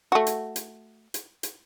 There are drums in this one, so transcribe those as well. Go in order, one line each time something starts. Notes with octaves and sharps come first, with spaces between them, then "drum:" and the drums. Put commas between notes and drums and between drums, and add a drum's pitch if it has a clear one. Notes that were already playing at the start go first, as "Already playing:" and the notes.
A3 F#4
drum: hi-hat
drum: hi-hat
drum: hi-hat
drum: hi-hat